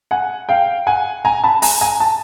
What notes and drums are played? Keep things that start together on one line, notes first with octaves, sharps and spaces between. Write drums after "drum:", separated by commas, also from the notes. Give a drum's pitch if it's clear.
F#5 G#5
F5 G5
F#5 G#5
G#5 A#5
A5 B5
G#5 A#5, drum: open hi-hat
G#5 A#5
A5